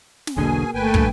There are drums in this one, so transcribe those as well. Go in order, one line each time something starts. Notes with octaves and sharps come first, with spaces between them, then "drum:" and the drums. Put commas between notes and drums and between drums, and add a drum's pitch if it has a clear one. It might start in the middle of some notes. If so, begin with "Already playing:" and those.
drum: snare
E1 B1 B2 D3 A#3 G#4 G#5
G1 A3 B4 G5 G#5
A#1 G2, drum: kick